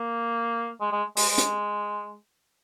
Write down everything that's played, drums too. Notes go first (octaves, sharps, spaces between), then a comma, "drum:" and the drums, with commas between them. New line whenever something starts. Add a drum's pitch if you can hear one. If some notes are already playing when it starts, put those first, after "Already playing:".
Already playing: A#3
G#3
G#3
G#3, drum: open hi-hat
G#3
drum: hi-hat